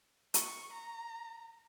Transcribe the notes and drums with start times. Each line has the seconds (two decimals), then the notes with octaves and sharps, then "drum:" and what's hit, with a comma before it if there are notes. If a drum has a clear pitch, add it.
0.34 C#6, drum: hi-hat
0.73 A#5